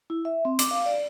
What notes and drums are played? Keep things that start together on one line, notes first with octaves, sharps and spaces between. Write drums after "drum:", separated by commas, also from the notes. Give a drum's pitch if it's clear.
E4
E5
C4
D6, drum: hi-hat
F5
D5